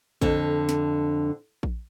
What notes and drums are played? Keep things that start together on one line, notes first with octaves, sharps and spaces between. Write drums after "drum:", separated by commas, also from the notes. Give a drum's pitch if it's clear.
F2 D3, drum: kick A#1
drum: snare
drum: kick A#1